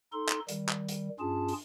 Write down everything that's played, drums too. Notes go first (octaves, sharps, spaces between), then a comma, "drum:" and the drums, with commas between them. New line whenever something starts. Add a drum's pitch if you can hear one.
D#4 A4 C6
drum: clap
D#3 G3, drum: hi-hat
drum: clap
drum: hi-hat
G2 C#4 F4 G#4 A5
drum: open hi-hat